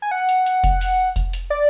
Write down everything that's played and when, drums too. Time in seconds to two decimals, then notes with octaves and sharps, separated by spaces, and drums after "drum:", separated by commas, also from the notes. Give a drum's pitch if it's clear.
0.02 G#5
0.11 F#5
0.29 drum: hi-hat
0.46 drum: hi-hat
0.64 drum: kick F1, hi-hat
0.81 drum: open hi-hat
1.16 drum: kick F1, hi-hat
1.33 drum: hi-hat
1.50 D5